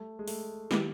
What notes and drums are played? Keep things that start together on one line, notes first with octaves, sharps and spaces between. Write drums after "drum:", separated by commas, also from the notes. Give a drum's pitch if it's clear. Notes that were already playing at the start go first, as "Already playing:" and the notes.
Already playing: G3 A3
G#3
A3, drum: open hi-hat
D#3 G#3 A#3 B3 E4 G4, drum: snare